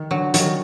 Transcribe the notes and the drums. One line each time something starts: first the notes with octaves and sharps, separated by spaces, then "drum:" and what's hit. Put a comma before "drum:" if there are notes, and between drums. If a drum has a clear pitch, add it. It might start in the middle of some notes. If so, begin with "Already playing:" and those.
Already playing: D#3
D3 F#3
D#3 F#3, drum: hi-hat